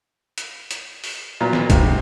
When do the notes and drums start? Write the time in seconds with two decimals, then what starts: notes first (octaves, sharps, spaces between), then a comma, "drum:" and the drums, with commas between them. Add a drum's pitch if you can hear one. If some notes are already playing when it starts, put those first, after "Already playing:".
0.38 drum: hi-hat
0.71 drum: hi-hat
1.04 drum: open hi-hat
1.41 A#2 F#3 B3
1.53 drum: snare
1.70 A#1 G#2 C3, drum: kick, hi-hat